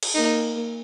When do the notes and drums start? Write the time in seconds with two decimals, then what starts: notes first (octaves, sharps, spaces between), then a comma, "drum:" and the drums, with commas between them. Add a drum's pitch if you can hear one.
0.03 drum: cymbal
0.15 A#3 D#4